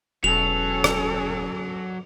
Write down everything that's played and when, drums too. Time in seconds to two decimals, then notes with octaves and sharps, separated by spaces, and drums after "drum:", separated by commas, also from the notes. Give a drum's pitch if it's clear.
0.24 E1 F#3 C#4 A4 F7
0.84 drum: rim click